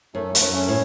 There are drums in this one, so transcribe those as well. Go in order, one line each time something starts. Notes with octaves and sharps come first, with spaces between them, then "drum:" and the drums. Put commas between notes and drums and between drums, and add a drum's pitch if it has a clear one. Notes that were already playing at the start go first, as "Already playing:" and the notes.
F#2 A3
A3, drum: hi-hat
F#2
C#4
A2